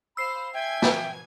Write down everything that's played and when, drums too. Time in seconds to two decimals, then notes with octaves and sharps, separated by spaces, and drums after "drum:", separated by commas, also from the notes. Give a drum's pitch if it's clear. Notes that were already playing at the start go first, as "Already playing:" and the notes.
0.17 C5 F5 B5 E6 C7
0.54 E5 G5 G#5 G#6
0.82 drum: snare